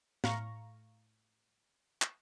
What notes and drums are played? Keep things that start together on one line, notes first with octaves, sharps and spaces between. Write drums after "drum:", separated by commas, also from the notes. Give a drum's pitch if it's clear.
A2 F5 A#5 C#6 A#6, drum: snare
drum: clap